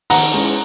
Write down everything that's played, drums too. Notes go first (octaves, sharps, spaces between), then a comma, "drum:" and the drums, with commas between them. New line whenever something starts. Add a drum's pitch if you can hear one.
D#3 F#5 A#5, drum: open hi-hat
G#3 C#4 E4